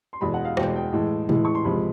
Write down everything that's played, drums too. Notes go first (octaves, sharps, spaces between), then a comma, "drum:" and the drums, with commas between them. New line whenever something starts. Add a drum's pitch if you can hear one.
C6
E2 B2 G#3 B5
F#5
F5
E2 B2 G#3 G5, drum: rim click
G5
A2 E3 G#3
A2 E3 G#3, drum: tom
C#6
C6
C#2 C3 F3 G#3 B5